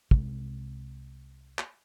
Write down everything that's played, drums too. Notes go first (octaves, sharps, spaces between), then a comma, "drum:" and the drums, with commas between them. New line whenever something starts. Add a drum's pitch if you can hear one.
C2 C3 G3 G#3, drum: kick
drum: clap